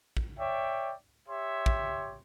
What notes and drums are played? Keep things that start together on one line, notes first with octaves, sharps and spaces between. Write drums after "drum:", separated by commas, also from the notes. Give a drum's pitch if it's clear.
drum: kick
C#5 D5 E5 G5
G4 C#5 E5 C6
drum: kick